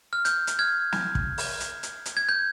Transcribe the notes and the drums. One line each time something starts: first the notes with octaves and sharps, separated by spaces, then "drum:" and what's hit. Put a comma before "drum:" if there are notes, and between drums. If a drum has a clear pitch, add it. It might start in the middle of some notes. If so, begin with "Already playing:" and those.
F6
G6, drum: hi-hat
drum: hi-hat
F6 G#6
drum: snare
drum: kick
drum: open hi-hat
drum: hi-hat
drum: hi-hat
drum: hi-hat
G#6
G6